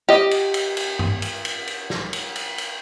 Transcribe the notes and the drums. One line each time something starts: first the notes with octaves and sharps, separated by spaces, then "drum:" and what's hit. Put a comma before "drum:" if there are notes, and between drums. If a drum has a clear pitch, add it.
G4 D#5
drum: cymbal
drum: cymbal
drum: cymbal
drum: tom G2
drum: cymbal
drum: cymbal
drum: cymbal
drum: snare
drum: cymbal
drum: cymbal
drum: cymbal